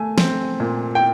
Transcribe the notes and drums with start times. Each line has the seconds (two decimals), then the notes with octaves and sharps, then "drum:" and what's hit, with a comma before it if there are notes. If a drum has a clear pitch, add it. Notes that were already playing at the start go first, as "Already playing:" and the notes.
Already playing: A3 G#5
0.18 C4, drum: snare
0.60 A#2
0.95 G5